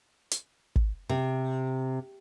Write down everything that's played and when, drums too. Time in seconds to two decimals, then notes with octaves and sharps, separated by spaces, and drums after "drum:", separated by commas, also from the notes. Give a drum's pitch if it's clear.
0.31 drum: hi-hat
0.76 drum: kick
1.09 C3